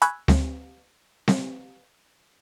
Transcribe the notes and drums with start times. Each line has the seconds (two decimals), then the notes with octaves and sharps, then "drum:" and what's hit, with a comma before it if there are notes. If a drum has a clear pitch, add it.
0.02 G#5 B5 C#6 E6 F#6 G#6, drum: hi-hat
0.28 D2, drum: snare C4
1.28 drum: snare C4